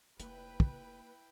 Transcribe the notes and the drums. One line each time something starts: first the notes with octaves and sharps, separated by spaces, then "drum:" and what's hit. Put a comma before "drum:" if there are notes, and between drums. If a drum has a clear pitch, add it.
F1 A#3 E4 B4 G5, drum: hi-hat
drum: kick